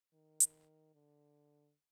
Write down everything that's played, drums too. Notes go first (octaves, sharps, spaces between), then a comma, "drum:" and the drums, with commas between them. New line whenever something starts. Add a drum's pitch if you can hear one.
D#3
drum: hi-hat
D3